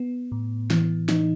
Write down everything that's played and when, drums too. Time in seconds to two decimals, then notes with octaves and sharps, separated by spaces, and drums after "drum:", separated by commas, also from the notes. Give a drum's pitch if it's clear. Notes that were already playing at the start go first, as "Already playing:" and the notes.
Already playing: B3
0.32 A2
0.70 E3, drum: snare
1.09 D#4, drum: snare